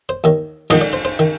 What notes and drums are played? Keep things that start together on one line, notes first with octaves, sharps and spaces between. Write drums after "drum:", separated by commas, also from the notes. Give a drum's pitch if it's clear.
C5
D#2 D#3
A#1 G#2 D#3 D#5, drum: cymbal
D5
C5
C5
D#3